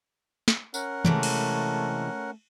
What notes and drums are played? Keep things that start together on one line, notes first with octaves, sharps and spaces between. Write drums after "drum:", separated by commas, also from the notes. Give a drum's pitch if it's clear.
drum: snare
C#4 A#4 F#5, drum: tambourine
C3 E3 G#3 A3, drum: tom D#3
drum: cymbal